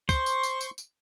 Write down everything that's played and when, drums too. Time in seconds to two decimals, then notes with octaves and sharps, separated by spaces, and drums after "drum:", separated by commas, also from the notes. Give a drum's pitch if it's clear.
0.09 C5 C6 C#6, drum: kick, tambourine
0.26 drum: tambourine
0.43 drum: tambourine
0.61 drum: tambourine
0.78 drum: tambourine